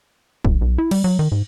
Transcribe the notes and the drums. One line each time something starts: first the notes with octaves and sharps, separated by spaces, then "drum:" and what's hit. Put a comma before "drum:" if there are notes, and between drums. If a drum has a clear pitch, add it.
D1, drum: kick
B1
E4
G3, drum: cymbal
F#3
D#3
G#2